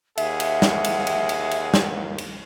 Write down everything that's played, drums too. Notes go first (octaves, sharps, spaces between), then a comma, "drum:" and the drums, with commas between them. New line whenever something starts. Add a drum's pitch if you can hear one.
D#2 G#4 E5 F#5, drum: cymbal
drum: cymbal
drum: snare
drum: cymbal
drum: cymbal
drum: cymbal
drum: cymbal
drum: snare
drum: cymbal